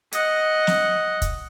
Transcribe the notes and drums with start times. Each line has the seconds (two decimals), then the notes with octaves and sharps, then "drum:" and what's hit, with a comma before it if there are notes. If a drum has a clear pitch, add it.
0.12 D#5 F#5, drum: hi-hat
0.67 drum: snare
1.22 drum: kick, hi-hat